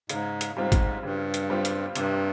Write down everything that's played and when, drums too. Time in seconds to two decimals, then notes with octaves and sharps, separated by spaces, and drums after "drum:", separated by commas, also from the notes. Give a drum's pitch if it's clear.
0.09 G#2 C#3, drum: hi-hat
0.41 drum: hi-hat
0.56 G#2 G3 C4 F4
0.72 drum: kick G#1, hi-hat
1.03 G2 C#3
1.34 drum: hi-hat
1.50 G3 C4 F4
1.65 drum: hi-hat
1.95 G2 C3, drum: hi-hat